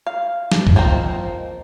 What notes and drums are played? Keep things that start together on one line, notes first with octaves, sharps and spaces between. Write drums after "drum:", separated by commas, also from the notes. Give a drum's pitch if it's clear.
F5
drum: snare
drum: kick
F3 A#3 C4 D#4